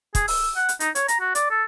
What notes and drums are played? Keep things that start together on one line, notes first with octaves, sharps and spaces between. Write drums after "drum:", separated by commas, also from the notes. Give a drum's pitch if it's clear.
G#4, drum: kick, hi-hat
E6, drum: open hi-hat
F#5
drum: hi-hat
D#4, drum: hi-hat
C#5, drum: hi-hat
A#5, drum: hi-hat
F#4
D5, drum: hi-hat
A4